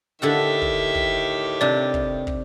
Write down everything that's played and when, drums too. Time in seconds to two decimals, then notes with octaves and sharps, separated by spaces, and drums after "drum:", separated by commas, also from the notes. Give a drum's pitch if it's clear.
0.22 A2 D3 D#3 G4 A4 E5 F#5
0.62 drum: kick
0.95 drum: kick
1.61 C3 D4 D5
1.94 drum: kick
2.27 drum: kick